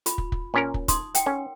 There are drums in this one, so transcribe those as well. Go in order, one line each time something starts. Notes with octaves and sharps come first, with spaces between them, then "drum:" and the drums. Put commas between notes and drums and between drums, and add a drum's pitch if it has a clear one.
F4 B5, drum: hi-hat
drum: kick
drum: kick
A#2 C#4 A#4
drum: kick
D#4 C6 D#6, drum: kick, hi-hat
F#5 G5, drum: hi-hat
C#4 A#4